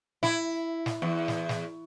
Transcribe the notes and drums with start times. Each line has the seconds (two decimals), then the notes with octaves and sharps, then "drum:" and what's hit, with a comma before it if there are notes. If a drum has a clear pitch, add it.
0.23 E4, drum: snare
0.86 drum: snare
1.02 E2
1.28 drum: snare
1.49 drum: snare